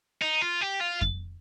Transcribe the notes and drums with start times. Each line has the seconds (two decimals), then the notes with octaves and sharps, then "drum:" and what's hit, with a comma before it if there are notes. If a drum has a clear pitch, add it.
0.22 D#4
0.42 F4
0.62 G4
0.81 F4
1.01 drum: kick F2